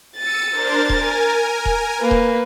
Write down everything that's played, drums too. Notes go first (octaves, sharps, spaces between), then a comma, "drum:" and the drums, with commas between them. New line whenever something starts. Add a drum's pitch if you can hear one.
E6 A6 C#7 D#7
D4 A#4 C5
A#4 G#5, drum: kick D#1
drum: kick D#1
A#3 B4
drum: kick D#1